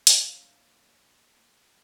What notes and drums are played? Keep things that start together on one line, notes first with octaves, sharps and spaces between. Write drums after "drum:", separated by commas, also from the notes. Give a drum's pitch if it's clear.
F#3 A#3 D4, drum: hi-hat